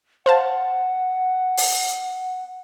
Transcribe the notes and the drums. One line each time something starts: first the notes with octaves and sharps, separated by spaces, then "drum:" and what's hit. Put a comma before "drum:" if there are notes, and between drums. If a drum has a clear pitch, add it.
C5 F5 F#5 A5
drum: open hi-hat